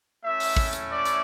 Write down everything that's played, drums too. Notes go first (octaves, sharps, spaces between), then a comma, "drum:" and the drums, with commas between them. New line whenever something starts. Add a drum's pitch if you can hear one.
A3 C#4 E4 E5
drum: open hi-hat
drum: kick
drum: hi-hat
D5
drum: hi-hat